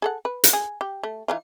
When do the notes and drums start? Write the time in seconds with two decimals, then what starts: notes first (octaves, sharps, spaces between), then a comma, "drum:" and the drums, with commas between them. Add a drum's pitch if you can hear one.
0.02 G#4 A4 F#5
0.25 B4
0.44 drum: hi-hat
0.53 G#4
0.81 G4
1.03 A3
1.28 E3 D#4 F4